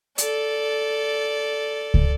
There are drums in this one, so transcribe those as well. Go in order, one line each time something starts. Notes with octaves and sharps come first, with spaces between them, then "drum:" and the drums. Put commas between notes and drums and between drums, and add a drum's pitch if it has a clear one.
A4 D5, drum: hi-hat
drum: kick C#2